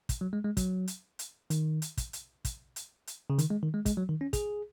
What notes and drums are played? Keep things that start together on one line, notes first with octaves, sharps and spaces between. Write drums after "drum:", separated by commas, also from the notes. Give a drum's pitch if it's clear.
drum: kick, hi-hat
F#3
G#3
G#3
F#3, drum: kick, hi-hat
drum: hi-hat
drum: hi-hat
D#3, drum: hi-hat
drum: hi-hat
drum: kick, hi-hat
drum: hi-hat
drum: kick, hi-hat
drum: hi-hat
drum: hi-hat
C#3
D#3, drum: hi-hat
G#3
D#3
G#3
G#3, drum: kick, hi-hat
F#3
D#3
C#4
G#4, drum: kick, hi-hat